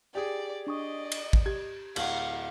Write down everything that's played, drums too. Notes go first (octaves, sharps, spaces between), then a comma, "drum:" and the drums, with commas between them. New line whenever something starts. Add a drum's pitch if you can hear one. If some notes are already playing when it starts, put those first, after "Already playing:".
G4 G#4 D5
D4 D5 D#5 C#6 D#6
drum: cymbal
drum: kick
G4 G#6
D1 F5 F#5 F#7, drum: cymbal